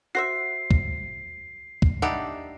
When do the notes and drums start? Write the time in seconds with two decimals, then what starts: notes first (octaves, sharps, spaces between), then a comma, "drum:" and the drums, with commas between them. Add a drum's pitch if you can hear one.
0.15 F#4 C5 E5 C7
0.71 drum: kick
1.82 drum: kick
2.02 D4 D#4 G4 E5 F#5 B5